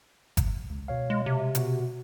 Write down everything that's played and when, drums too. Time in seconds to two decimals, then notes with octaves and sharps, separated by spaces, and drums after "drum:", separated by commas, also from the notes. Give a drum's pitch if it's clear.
0.37 drum: kick G1, hi-hat
0.70 C#2
0.88 B2 C#5 F5
1.10 G#3
1.26 C3
1.55 B2 F#4, drum: hi-hat